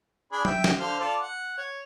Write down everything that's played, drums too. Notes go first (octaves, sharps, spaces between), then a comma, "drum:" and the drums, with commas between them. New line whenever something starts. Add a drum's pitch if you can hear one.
D4 G#4 B5
E5 G5, drum: tom F#3
drum: snare
D3 C5 F5
F4 A4 D5
F#5
C#5